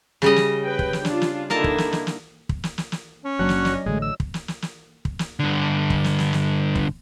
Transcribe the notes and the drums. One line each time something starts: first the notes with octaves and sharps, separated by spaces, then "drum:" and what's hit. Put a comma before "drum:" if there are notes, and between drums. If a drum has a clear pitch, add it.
C#3 G3 D#5, drum: snare
drum: snare
B4 G5
drum: kick
drum: snare
D4 F4, drum: snare
drum: snare
D3 A#3 D#4 E4 A#4 A5
drum: kick
drum: snare
drum: snare
drum: snare
drum: kick
drum: snare
drum: snare
drum: snare
C#4
F#1 F#3 A#3 D4 F#4
drum: snare
D#5, drum: snare
A1 D3 G#3 A3
E6
drum: kick
drum: snare
drum: snare
drum: snare
drum: kick
drum: snare
G2 D3
drum: kick
drum: snare
drum: snare
drum: snare
drum: kick